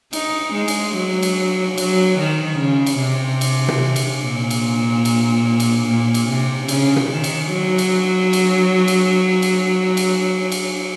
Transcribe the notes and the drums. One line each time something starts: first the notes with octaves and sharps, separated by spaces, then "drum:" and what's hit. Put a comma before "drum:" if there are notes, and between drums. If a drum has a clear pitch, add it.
D#4, drum: cymbal
G#3
drum: cymbal
F#3
drum: cymbal
F#3, drum: cymbal
D#3
C#3
drum: cymbal
C3
drum: cymbal
drum: tom B2
drum: cymbal
A#2
drum: cymbal
drum: cymbal
drum: cymbal
A#2
drum: cymbal
C3
C#3, drum: cymbal
drum: tom B2
D#3
drum: cymbal
F#3
drum: cymbal
drum: cymbal
drum: cymbal
drum: cymbal
drum: cymbal
drum: cymbal